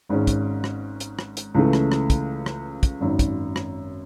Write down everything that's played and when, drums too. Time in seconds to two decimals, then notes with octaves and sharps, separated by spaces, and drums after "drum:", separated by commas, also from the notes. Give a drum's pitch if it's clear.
0.09 G#1 G#2 D#3 G#3 C#4
0.27 drum: kick, hi-hat
0.64 drum: rim click
1.00 drum: hi-hat
1.19 drum: rim click
1.37 drum: hi-hat
1.55 C#2 C#3 E3 A3
1.73 drum: rim click
1.92 drum: rim click
2.10 drum: kick, hi-hat
2.46 drum: rim click
2.83 drum: kick, hi-hat
3.01 G#1 F#2 D#3
3.19 drum: kick, hi-hat
3.56 drum: rim click